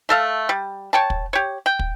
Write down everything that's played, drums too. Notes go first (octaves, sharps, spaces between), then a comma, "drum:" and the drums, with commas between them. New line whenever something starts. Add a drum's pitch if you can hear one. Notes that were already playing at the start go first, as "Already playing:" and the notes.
A3 A4 F5
G3
C#5 G5 A5
drum: kick
G4 C#5
G5
drum: kick